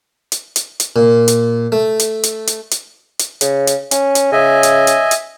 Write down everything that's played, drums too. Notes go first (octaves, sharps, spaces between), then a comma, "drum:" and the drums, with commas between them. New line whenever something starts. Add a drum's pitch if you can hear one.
drum: hi-hat
drum: hi-hat
drum: hi-hat
A#2
drum: hi-hat
A3
drum: hi-hat
drum: hi-hat
drum: hi-hat
drum: hi-hat
drum: hi-hat
C#3, drum: hi-hat
drum: hi-hat
C#4, drum: hi-hat
drum: hi-hat
C#3 D#5 E5 G#5
drum: hi-hat
drum: hi-hat
drum: hi-hat